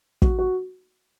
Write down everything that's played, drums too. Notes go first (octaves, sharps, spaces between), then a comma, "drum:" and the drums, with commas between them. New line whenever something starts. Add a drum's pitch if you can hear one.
F#4, drum: kick
F#4